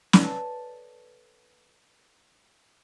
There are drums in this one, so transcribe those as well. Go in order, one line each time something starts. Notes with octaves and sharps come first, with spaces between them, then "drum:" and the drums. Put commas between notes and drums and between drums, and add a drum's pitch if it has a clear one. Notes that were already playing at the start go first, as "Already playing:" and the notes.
A4 B4 C#5 D5 G#5 A5, drum: snare